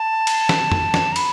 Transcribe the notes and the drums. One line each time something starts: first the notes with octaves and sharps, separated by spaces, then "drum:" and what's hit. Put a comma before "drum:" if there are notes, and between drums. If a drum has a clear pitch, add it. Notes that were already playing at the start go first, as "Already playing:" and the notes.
Already playing: A5
drum: cymbal
drum: snare
drum: tom F2
drum: snare
A#5
B5, drum: cymbal